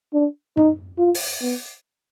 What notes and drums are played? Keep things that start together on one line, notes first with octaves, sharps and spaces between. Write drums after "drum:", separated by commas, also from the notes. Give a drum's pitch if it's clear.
D4
D#4, drum: tom F#2
F4
drum: open hi-hat
B3